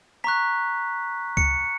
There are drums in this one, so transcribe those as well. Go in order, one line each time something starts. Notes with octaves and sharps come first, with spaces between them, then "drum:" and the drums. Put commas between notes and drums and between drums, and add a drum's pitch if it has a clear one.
A#5 C#6 F#6 B6
C#7, drum: kick C#2